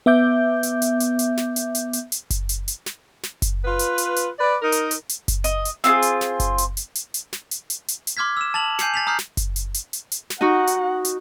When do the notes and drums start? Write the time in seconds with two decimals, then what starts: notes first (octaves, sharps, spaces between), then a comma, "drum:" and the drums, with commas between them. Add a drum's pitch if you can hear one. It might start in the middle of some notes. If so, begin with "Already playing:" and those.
0.06 B3 E5 D6 G6
0.63 drum: hi-hat
0.82 drum: hi-hat
1.00 drum: hi-hat
1.19 drum: hi-hat
1.37 drum: snare
1.56 drum: hi-hat
1.75 drum: hi-hat
1.93 drum: hi-hat
2.12 drum: hi-hat
2.30 drum: kick F#1, hi-hat
2.49 drum: hi-hat
2.68 drum: hi-hat
2.86 drum: snare
3.23 drum: snare
3.42 drum: kick F#1, hi-hat
3.65 F4 B4
3.79 drum: hi-hat
3.98 drum: hi-hat
4.16 drum: hi-hat
4.39 B4 D5
4.60 D#4 A#4
4.72 drum: hi-hat
4.91 drum: hi-hat
5.09 drum: hi-hat
5.28 drum: kick F#1, hi-hat
5.44 D#5, drum: hi-hat
5.65 drum: hi-hat
5.84 C4 F4 F#4 G#4, drum: snare
6.02 drum: hi-hat
6.21 drum: snare
6.40 drum: kick F#1, hi-hat
6.58 drum: hi-hat
6.77 drum: hi-hat
6.95 drum: hi-hat
7.14 drum: hi-hat
7.33 drum: snare
7.51 drum: hi-hat
7.70 drum: hi-hat
7.88 drum: hi-hat
8.07 drum: hi-hat
8.17 C6 D6 F6 G#6 B6
8.37 E6 E7
8.54 A5 A6 F7 F#7
8.79 G#5 G6 C7 C#7, drum: snare
8.94 A6 B6 F7
9.07 A#5 D#6 F6 G6 C7
9.19 drum: snare
9.37 drum: kick F#1, hi-hat
9.56 drum: hi-hat
9.74 drum: hi-hat
9.93 drum: hi-hat
10.12 drum: hi-hat
10.30 drum: snare
10.41 D#4 F#4 F#5
10.67 drum: hi-hat
11.05 drum: hi-hat